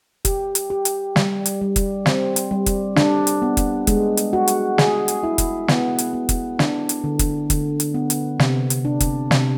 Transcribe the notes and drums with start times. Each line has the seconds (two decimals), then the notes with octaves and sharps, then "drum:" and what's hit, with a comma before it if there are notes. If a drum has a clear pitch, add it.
0.25 G4, drum: kick, hi-hat
0.55 drum: hi-hat
0.70 G4
0.85 drum: hi-hat
1.16 G3, drum: snare
1.46 drum: hi-hat
1.61 G3
1.76 drum: kick, hi-hat
2.06 C4, drum: snare
2.36 drum: hi-hat
2.51 G3
2.66 drum: kick, hi-hat
2.96 D4, drum: snare
3.27 drum: hi-hat
3.42 B3
3.57 drum: kick, hi-hat
3.87 G#3, drum: kick, hi-hat
4.17 drum: hi-hat
4.33 F#4
4.48 drum: hi-hat
4.78 G#4, drum: snare
5.08 drum: hi-hat
5.23 E4
5.38 drum: kick, hi-hat
5.68 B3, drum: snare
5.99 drum: hi-hat
6.13 B3
6.29 drum: kick, hi-hat
6.59 D4, drum: snare
6.89 drum: hi-hat
7.04 D3
7.19 drum: kick, hi-hat
7.50 D3, drum: kick, hi-hat
7.80 drum: hi-hat
7.94 B3
8.10 drum: hi-hat
8.39 C3, drum: snare
8.70 drum: hi-hat
8.85 D4
9.00 drum: kick, hi-hat
9.31 C3, drum: snare